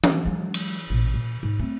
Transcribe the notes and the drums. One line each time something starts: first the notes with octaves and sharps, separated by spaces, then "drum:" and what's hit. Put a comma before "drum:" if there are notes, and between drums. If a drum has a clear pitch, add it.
B3, drum: tom
F#3 G#3
drum: cymbal
A1 A#2
A#2
G#2
A3 C4